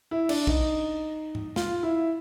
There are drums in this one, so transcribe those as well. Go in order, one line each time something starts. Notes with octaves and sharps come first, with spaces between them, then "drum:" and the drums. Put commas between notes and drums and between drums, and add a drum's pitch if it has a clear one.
E4
D4, drum: cymbal
D#4, drum: kick A#1
drum: tom G#2
F4, drum: snare
E4